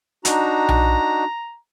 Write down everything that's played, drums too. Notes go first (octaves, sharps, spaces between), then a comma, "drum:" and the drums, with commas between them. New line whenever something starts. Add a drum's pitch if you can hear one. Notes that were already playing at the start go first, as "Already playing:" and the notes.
D4 D#4 F#4 A#5, drum: hi-hat
drum: tom B1